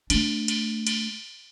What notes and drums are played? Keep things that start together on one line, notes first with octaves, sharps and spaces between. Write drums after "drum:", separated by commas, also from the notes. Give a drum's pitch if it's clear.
A3 D4, drum: cymbal
drum: cymbal
drum: cymbal